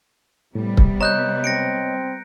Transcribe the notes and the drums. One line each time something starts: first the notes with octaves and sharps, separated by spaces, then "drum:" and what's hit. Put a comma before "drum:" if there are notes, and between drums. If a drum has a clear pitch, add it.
A2 C3 G3 B3
drum: kick C#1
C#5 D#5 A#5 F#6 G6
C4 A#6 C#7 D7